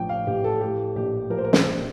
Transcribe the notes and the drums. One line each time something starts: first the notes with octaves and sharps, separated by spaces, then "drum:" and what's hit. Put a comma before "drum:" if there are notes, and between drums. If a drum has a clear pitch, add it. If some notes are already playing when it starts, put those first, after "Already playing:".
Already playing: A1 F3 G5
F5
A1 G4
A4
A2 G4
A#1 G4
F3 A#4
C5
A#4
C5, drum: snare
A#1